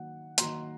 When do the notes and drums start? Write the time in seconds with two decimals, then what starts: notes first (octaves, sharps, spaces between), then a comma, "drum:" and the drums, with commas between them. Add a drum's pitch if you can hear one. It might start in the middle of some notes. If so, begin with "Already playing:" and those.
Already playing: D#3 F#3 A#3 F#5
0.38 D#3 F#3 A#3 A#5 C6, drum: hi-hat